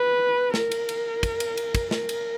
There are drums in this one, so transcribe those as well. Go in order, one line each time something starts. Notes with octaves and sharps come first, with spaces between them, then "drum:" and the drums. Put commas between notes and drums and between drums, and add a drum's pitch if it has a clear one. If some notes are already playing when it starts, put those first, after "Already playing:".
Already playing: B4
A#4, drum: snare
drum: cymbal
drum: cymbal
drum: kick, cymbal
drum: cymbal
drum: cymbal
drum: kick, cymbal
A#4, drum: snare
drum: cymbal